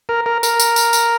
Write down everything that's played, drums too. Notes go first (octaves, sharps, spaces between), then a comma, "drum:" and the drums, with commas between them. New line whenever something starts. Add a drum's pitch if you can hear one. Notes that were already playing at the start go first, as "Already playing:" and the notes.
A#4
A#4
A#4, drum: tambourine
drum: tambourine
drum: tambourine
drum: tambourine